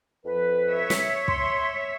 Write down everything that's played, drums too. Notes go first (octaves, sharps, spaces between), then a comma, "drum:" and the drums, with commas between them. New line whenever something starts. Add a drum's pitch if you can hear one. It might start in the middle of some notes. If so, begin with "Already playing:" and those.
F2 F3 B4
C#5 E5
drum: snare
C6, drum: kick